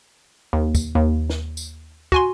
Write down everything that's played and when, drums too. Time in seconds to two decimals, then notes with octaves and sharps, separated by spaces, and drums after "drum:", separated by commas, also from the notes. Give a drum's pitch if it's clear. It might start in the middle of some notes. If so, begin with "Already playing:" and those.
0.53 D#2
0.75 drum: kick, tambourine
0.95 D#2
1.30 drum: snare
1.57 drum: tambourine
2.12 F#4 G#5 C6, drum: kick